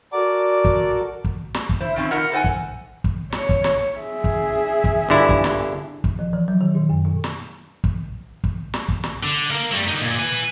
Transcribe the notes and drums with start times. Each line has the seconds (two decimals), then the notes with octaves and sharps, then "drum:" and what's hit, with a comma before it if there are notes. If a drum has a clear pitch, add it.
0.13 F#4 A4 A#4 D5 D6
0.65 drum: kick
1.24 drum: kick
1.54 drum: snare
1.69 drum: kick
1.80 E4 C5
1.96 D#3 F3 C4 C#4 E4
2.11 B2 D#4 F4 A#4 F#5 A#5
2.32 A4 C5 F#5 G#5
2.44 drum: kick
3.04 drum: kick
3.32 C#5, drum: snare
3.49 drum: kick
3.64 drum: snare
3.98 G#4 E5
4.24 drum: kick
4.84 drum: kick
5.09 G1 D3 E4
5.29 drum: kick
5.44 drum: snare
6.04 drum: kick
6.19 F3
6.33 E3
6.48 F#3
6.61 D#3
6.75 A#2
6.90 F#2
7.05 B2
7.24 drum: snare
7.84 drum: kick
8.44 drum: kick
8.74 drum: snare
8.89 drum: kick
9.04 drum: snare
9.23 D3
9.50 A#4 F5
9.71 G3 A3
9.87 D3 D#4
10.01 A#2
10.19 B4 G#5